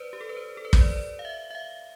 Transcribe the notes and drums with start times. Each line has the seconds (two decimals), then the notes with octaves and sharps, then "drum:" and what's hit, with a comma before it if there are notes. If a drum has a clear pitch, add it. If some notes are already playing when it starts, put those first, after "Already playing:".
Already playing: B4 C5 D5
0.13 G4
0.21 A4
0.29 B4
0.37 C5
0.57 A4
0.65 B4
0.73 C5, drum: kick
0.81 D5
1.19 F5
1.25 E5
1.51 E5
1.55 F5